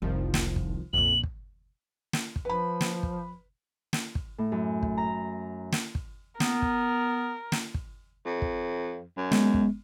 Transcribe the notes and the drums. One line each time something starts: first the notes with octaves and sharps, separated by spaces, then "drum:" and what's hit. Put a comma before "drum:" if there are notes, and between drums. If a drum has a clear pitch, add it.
F1 C2 D#3 F3
drum: snare
drum: kick
A#1 F2 A#2 F#7
drum: kick
drum: snare
drum: kick
F3 B4 B5
drum: snare
drum: kick
drum: snare
drum: kick
A2
F#2
drum: kick
A#5
drum: snare
drum: kick
B3 A#4, drum: snare
drum: kick
drum: snare
drum: kick
F2
drum: kick
F#2
G#3 B3, drum: snare
drum: kick